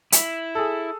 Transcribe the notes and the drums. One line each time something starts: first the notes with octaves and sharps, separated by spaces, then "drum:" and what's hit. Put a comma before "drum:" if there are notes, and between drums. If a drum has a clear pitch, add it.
E4, drum: hi-hat
G#4 A4